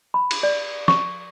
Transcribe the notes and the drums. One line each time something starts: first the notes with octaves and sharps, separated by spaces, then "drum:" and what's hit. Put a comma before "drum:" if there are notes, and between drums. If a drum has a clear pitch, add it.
B5
drum: cymbal
D5
C#6, drum: snare